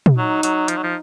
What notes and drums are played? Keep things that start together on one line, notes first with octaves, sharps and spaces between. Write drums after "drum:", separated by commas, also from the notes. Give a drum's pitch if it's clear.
drum: tom
F#3 D#4
F#3, drum: hi-hat
F3, drum: hi-hat
F#3
F3